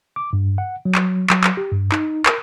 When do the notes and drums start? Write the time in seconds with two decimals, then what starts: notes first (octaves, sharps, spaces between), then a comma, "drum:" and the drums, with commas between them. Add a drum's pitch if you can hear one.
0.16 D6
0.33 G2
0.58 F#5
0.85 F#3
0.95 drum: clap
1.30 F#3, drum: clap
1.44 drum: clap
1.57 G4
1.72 G2
1.92 D#4, drum: clap
2.26 A#4, drum: clap